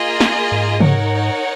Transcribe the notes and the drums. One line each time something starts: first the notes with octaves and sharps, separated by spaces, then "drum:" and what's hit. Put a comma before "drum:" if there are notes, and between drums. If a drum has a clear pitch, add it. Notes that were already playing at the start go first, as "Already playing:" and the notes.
Already playing: A#3 F4 G#4 D#5
drum: snare
G#2
D#4 A#4 C#5 F#5, drum: tom